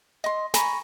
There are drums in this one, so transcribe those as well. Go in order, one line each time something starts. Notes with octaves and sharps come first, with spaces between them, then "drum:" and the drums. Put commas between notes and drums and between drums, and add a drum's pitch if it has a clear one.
D#5 C6
G#5 A#5 B5 C#6, drum: snare